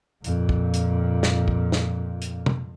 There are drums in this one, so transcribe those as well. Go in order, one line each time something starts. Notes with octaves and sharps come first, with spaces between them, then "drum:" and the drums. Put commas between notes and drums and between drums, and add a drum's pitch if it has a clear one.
F2 A#2, drum: hi-hat
drum: kick
drum: hi-hat
drum: snare
drum: kick
drum: snare
drum: hi-hat
drum: tom